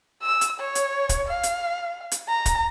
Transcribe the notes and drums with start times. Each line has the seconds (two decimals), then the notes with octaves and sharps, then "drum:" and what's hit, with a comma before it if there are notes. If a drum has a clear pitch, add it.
0.22 E6
0.41 drum: hi-hat
0.60 C#5
0.75 drum: hi-hat
1.09 drum: kick, hi-hat
1.28 F5
1.43 drum: hi-hat
2.12 drum: hi-hat
2.29 A#5
2.46 drum: kick, hi-hat